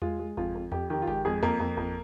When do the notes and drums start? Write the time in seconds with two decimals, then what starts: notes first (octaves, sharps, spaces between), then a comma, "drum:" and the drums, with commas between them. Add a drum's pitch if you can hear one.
0.02 G#3 F4, drum: tom E2
0.19 G#3
0.37 F2 F4, drum: kick G#1
0.55 F2
0.72 F2 G4, drum: tom E2
0.90 D#3 G4
1.02 F4
1.07 G#3 G4, drum: kick G#1
1.25 F2 G#3 G#4
1.43 F2 A#3 A#4, drum: tom E2
1.60 F2
1.77 F2, drum: kick G#1